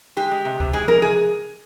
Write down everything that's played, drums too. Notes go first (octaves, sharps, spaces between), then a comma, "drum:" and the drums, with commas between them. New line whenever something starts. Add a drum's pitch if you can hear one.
G#3 G4
G#3
C3
C3, drum: kick C#2
G#3 G#4
G#3 A#4, drum: tom F3
C3 G#4